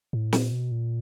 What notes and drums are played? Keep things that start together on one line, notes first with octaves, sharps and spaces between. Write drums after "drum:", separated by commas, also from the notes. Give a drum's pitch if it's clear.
A2
A#2, drum: snare
B2
A#2